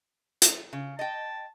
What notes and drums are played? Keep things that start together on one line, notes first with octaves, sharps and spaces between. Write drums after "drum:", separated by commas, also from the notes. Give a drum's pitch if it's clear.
drum: hi-hat
C#3
D#5 G5 A5